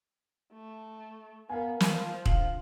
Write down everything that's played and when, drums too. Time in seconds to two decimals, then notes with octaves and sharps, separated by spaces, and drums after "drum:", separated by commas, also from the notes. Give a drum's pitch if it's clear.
0.53 A3
1.49 B3 A#4 F5 G#5
1.80 F3, drum: snare
2.26 D3 F5 F#7, drum: kick